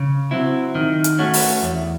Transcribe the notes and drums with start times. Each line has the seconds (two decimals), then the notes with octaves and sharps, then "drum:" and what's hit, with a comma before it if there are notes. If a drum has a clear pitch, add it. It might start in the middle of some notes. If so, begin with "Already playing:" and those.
Already playing: C#3
0.31 F#3 C4 E4
0.75 D#3
1.04 drum: hi-hat
1.19 A3 C#4 F#4
1.34 drum: open hi-hat
1.62 E2